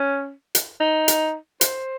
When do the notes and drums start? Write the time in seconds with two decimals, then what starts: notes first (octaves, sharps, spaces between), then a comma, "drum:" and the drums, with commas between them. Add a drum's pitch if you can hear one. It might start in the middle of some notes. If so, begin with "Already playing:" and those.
Already playing: C#4
0.55 drum: hi-hat
0.81 D#4
1.08 drum: hi-hat
1.61 C5, drum: hi-hat